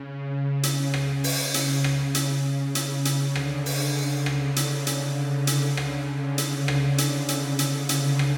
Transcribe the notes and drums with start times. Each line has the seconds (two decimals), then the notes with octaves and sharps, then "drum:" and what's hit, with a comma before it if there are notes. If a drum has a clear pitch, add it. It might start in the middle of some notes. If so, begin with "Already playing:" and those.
Already playing: C#3
0.63 drum: hi-hat
0.94 drum: rim click
1.24 drum: open hi-hat
1.54 drum: hi-hat
1.84 drum: rim click
2.15 drum: hi-hat
2.75 drum: hi-hat
3.05 drum: hi-hat
3.35 D3, drum: rim click
3.66 drum: open hi-hat
4.26 drum: rim click
4.56 drum: hi-hat
4.87 drum: hi-hat
5.47 drum: hi-hat
5.77 drum: rim click
6.38 drum: hi-hat
6.68 drum: rim click
6.98 drum: hi-hat
7.29 drum: hi-hat
7.59 drum: hi-hat
7.89 drum: hi-hat
8.19 drum: rim click